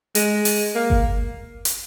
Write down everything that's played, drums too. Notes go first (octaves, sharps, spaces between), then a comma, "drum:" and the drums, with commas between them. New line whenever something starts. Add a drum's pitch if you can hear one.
G#3, drum: hi-hat
drum: open hi-hat
A#3
drum: kick G1
drum: hi-hat